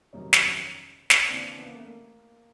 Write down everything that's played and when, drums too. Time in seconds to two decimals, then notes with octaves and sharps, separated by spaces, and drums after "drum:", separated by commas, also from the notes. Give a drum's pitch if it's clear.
0.13 G1 F2 C3 D#3 F#3 C#4 D#4
0.33 drum: snare
1.10 drum: snare
1.29 D#2 C#3 E3 C4 D4
1.59 B3
1.66 A#3
1.75 A3
1.83 A#3